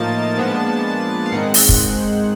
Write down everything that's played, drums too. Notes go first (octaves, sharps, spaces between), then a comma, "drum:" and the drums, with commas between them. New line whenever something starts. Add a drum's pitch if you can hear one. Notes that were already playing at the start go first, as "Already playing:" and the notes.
Already playing: A2 F3 A#3 D#4 A5
A#2 F3 G#3 B3 D4
F5
G#2 D#3 G#3 C4 F#5
drum: open hi-hat
drum: kick